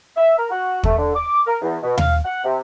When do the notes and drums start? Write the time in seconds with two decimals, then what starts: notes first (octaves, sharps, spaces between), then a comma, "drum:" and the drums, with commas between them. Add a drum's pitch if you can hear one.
0.16 E5
0.38 A#4
0.51 F#4
0.83 A3, drum: kick
0.97 D3
1.15 D6
1.46 A#4
1.62 E2
1.83 B2
1.98 F5, drum: tom D#2
2.25 F#5
2.44 C3